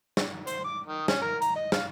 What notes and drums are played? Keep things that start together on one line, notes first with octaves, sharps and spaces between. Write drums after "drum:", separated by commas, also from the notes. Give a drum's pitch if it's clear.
drum: snare
C5, drum: hi-hat
D6
D#3
C#4, drum: snare
A#4
A#5, drum: hi-hat
D#5
F5, drum: snare